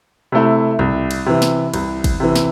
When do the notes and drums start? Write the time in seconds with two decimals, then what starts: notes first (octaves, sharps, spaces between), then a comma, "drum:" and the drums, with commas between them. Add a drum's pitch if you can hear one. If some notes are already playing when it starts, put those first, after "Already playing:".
0.32 C3 A3 E4
0.79 C2, drum: tom B2
1.11 drum: cymbal
1.26 C3 E3
1.42 drum: snare
1.74 C2, drum: cymbal
2.04 drum: kick, cymbal
2.20 C3 E3
2.36 drum: snare